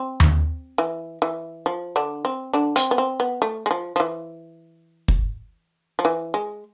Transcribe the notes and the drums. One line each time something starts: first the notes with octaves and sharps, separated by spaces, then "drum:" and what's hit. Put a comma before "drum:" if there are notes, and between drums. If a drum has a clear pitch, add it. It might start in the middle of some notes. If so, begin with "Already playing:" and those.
Already playing: C4
drum: tom D#2
E3
E3
F3
D3 D4
C4
D3 D4
C4, drum: hi-hat
B3
C4
B3
A3
G#3
F3
F3
E3
drum: kick
F3
E3
G#3